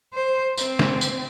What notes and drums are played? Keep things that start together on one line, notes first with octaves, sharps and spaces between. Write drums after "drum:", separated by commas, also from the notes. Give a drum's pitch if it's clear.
C5
C4, drum: tambourine
drum: snare
drum: tambourine